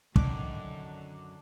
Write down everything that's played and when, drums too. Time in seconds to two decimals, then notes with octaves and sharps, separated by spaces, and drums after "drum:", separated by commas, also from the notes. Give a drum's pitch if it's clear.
0.16 F#2 D3 D#3 D4 D6, drum: kick